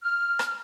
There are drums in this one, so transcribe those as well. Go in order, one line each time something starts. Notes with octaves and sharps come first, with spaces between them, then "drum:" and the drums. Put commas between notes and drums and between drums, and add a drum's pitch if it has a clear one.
F6
drum: rim click